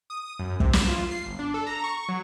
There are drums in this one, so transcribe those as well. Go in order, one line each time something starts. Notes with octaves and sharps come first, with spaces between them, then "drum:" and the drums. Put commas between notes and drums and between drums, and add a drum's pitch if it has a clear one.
D#6
F#2
C3, drum: kick
E7, drum: snare
F4
C7
G1
D4
A4
A#5
C#6
F#3